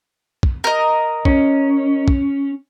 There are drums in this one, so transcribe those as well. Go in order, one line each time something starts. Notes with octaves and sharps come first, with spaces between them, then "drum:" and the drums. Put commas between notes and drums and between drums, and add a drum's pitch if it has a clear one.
drum: kick
A#4 D#5
C#4, drum: kick
drum: kick